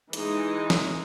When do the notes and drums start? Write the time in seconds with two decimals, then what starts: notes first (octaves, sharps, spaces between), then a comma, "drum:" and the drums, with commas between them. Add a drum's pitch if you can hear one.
0.13 E3 G#3 D#4, drum: hi-hat
0.70 drum: snare